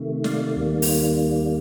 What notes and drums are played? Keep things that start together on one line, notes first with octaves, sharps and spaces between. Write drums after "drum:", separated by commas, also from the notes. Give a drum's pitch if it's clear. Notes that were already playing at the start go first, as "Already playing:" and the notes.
Already playing: C3 D#3 A3
D5 F5, drum: snare
D#2 D#3 G3 A#3
drum: open hi-hat